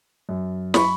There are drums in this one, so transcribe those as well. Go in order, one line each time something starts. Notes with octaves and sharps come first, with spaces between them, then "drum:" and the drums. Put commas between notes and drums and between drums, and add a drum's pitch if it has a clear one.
F#2
B5 C#6, drum: snare